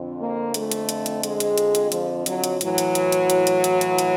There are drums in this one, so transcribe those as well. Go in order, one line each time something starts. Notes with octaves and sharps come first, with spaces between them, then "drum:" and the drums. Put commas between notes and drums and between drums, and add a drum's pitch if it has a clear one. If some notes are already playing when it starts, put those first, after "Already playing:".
Already playing: F2 D3
A#3
A3, drum: hi-hat
drum: hi-hat
drum: hi-hat
drum: hi-hat
G#3, drum: hi-hat
drum: hi-hat
drum: hi-hat
drum: hi-hat
F3, drum: hi-hat
F#3, drum: hi-hat
drum: hi-hat
A2 E3 F#3, drum: hi-hat
drum: hi-hat
drum: hi-hat
drum: hi-hat
drum: hi-hat
drum: hi-hat
drum: hi-hat
drum: hi-hat
drum: hi-hat